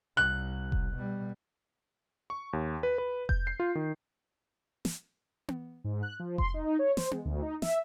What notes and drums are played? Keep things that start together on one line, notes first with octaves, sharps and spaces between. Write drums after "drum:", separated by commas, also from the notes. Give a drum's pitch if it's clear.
C2 F#6
drum: kick F1
B2 G3
C#6
D#2
B4
B4
G6, drum: kick F1
C7
F4
D#3
drum: snare
drum: tom B3
G#2
F#6
F3
C6, drum: kick F1
D#4
C#5
C5, drum: snare
G#3, drum: tom B3
D2
D#4
E5, drum: snare